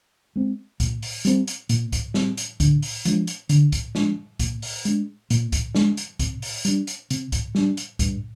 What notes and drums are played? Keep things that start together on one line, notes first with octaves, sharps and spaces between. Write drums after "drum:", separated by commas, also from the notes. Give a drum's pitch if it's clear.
G#3 C4
A#2, drum: kick C2, hi-hat
drum: open hi-hat
G3 C4, drum: hi-hat
drum: hi-hat
A#2, drum: hi-hat
drum: kick C2, hi-hat
G3 C4, drum: snare
drum: hi-hat
D3, drum: kick C2, hi-hat
drum: open hi-hat
F3 G#3 D4, drum: hi-hat
drum: hi-hat
D3, drum: hi-hat
drum: kick C2, hi-hat
F3 G#3 D4, drum: snare
A#2, drum: kick C2, hi-hat
drum: open hi-hat
G#3 D4, drum: hi-hat
A#2, drum: hi-hat
drum: kick C2, hi-hat
G#3 D4, drum: snare
drum: hi-hat
C3, drum: kick C2, hi-hat
drum: open hi-hat
G3 D4, drum: hi-hat
drum: hi-hat
C3, drum: hi-hat
drum: kick C2, hi-hat
G3 D4, drum: snare
drum: hi-hat
G2, drum: kick C2, hi-hat